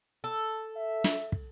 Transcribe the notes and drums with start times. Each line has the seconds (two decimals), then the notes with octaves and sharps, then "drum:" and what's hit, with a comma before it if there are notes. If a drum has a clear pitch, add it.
0.24 A4
0.76 E5
1.04 drum: snare
1.32 drum: kick